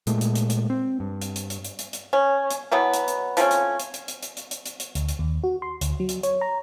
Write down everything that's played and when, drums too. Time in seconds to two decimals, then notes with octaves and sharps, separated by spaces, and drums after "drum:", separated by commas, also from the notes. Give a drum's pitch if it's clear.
0.07 A#2 G#3 A3, drum: hi-hat
0.21 drum: hi-hat
0.35 drum: hi-hat
0.50 drum: hi-hat
0.70 C4
1.00 G2
1.22 drum: hi-hat
1.36 drum: hi-hat
1.50 drum: hi-hat
1.65 drum: hi-hat
1.79 drum: hi-hat
1.93 drum: hi-hat
2.13 C#4
2.51 drum: hi-hat
2.72 B2 E3 F#3 B3
2.94 drum: hi-hat
3.08 drum: hi-hat
3.37 F3 A3 C4 C#4, drum: hi-hat
3.51 drum: hi-hat
3.80 drum: hi-hat
3.94 drum: hi-hat
4.08 drum: hi-hat
4.23 drum: hi-hat
4.37 drum: hi-hat
4.51 drum: hi-hat
4.66 drum: hi-hat
4.80 drum: hi-hat
4.95 D2, drum: hi-hat
5.09 drum: hi-hat
5.19 D#2
5.44 F#4
5.62 C6
5.81 D2, drum: hi-hat
6.00 F#3
6.09 drum: hi-hat
6.23 C#5, drum: hi-hat
6.41 A#5